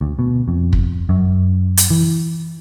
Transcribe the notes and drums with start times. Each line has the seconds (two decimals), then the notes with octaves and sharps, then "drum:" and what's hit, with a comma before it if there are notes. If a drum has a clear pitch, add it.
0.01 D2
0.19 B2
0.48 F2
0.73 drum: kick
1.09 F#2
1.77 drum: hi-hat
1.90 E3